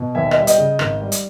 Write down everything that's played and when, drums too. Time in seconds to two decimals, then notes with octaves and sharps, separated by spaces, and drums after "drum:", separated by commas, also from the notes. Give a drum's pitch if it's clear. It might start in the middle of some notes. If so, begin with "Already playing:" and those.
Already playing: B2
0.15 D#2 E5 G#5
0.31 D#5, drum: rim click
0.36 G3 E5
0.47 D#5 G5, drum: hi-hat
0.58 C#3
0.79 G#1, drum: rim click
1.01 G3
1.12 drum: hi-hat